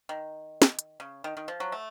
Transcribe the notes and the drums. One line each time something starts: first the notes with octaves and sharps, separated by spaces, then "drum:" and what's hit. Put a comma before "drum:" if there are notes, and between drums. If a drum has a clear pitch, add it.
D#3
drum: snare
drum: hi-hat
C#3
D#3
D#3
F3
F#3
A3